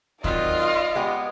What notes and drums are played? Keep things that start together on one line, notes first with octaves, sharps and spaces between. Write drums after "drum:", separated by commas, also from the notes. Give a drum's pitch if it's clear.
D#3 F#3 C4 F4 D5 D#5, drum: kick
G#3 B3 G4